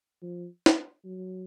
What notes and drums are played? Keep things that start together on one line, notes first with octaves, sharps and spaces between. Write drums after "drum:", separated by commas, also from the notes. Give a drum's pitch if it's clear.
F3
drum: snare
F#3